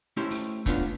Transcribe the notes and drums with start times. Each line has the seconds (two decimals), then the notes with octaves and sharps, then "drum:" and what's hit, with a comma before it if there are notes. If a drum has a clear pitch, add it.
0.17 A3 C#4 E4 G4 C5
0.30 drum: open hi-hat
0.66 A3 B3 C#4 D4 F4, drum: kick, hi-hat